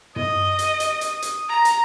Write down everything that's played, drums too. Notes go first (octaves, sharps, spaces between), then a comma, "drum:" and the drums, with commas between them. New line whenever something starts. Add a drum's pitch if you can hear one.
D#5 D#6, drum: tom
drum: hi-hat
drum: hi-hat
drum: hi-hat
drum: hi-hat
A#5
drum: hi-hat